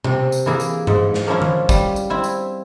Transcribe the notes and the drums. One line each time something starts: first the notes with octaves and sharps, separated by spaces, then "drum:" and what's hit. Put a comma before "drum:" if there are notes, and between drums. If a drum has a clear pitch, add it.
C3, drum: tom B2
drum: tambourine
E3 A#3 E4 G#4
drum: tambourine
G#2, drum: tom G2
drum: snare
F3 A#3 C#4 E4
drum: tom D3
G3, drum: kick, tambourine
drum: tambourine
C4 E4
drum: tambourine